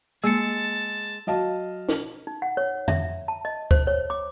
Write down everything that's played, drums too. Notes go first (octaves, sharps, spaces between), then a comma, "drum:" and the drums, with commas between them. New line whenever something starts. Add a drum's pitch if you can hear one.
G#3 A#3 A5 E6 C#7
F#3 D#5 F5 A5
drum: snare
D#4
F#5
C#5
E5, drum: tom F2
A5
D#5
C5, drum: kick
C#5
D6